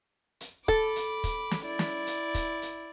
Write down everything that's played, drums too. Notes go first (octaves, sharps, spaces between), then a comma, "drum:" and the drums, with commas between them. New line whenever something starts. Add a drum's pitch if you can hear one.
drum: hi-hat
A4 B5 D6, drum: kick
drum: hi-hat
drum: kick, hi-hat
drum: snare
E4 D5
drum: snare
drum: hi-hat
drum: kick, hi-hat
drum: hi-hat